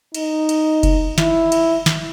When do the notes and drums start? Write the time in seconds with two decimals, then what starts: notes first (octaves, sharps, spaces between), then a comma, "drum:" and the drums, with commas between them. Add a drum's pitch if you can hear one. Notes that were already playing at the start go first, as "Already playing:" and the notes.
0.15 D#4, drum: cymbal
0.49 drum: cymbal
0.83 drum: kick F1, cymbal
1.18 E4, drum: snare
1.52 drum: cymbal
1.86 drum: snare